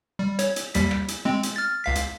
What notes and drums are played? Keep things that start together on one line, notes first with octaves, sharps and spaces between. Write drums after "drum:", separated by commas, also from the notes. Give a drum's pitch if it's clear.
G3
C#5, drum: hi-hat
drum: hi-hat
D#2 G3 B6, drum: hi-hat
drum: rim click
drum: hi-hat
G#3 C4
drum: hi-hat
F6 A6
C#2 F5 B6
drum: hi-hat